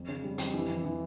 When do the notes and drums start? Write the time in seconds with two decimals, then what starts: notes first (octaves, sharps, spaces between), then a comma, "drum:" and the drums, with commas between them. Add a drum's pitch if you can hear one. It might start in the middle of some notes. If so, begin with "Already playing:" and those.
Already playing: F2
0.08 C#3
0.23 G3
0.38 F2, drum: hi-hat
0.54 E3
0.69 F2
0.84 E3